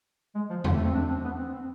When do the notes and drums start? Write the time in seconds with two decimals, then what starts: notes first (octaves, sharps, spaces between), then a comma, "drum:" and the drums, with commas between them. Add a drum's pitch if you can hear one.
0.35 G#3
0.50 F3
0.64 D3, drum: tom E2
0.75 A3
0.85 C4
0.94 D4
1.09 C4
1.25 B3
1.39 C4
1.54 C4